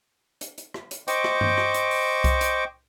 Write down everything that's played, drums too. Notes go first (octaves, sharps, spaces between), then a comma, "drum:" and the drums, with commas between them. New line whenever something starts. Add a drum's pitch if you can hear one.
drum: hi-hat
drum: hi-hat
drum: rim click
drum: hi-hat
C5 D#5 G5 C#6 D6, drum: hi-hat
drum: rim click
drum: tom G2
drum: rim click
drum: hi-hat
drum: open hi-hat
drum: kick C2, hi-hat
drum: hi-hat